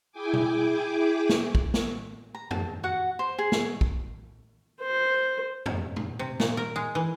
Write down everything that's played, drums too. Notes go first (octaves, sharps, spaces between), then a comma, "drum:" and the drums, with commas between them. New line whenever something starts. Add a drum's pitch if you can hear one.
E4 G#4 G5 G#5 D6
drum: tom B2
drum: snare
drum: kick
drum: snare
A#5
A5, drum: tom
F#4 F#5
C5
G#4
drum: snare
drum: kick
C5
drum: tom
drum: tom
C3
A#2, drum: snare
A#4
G#3
E3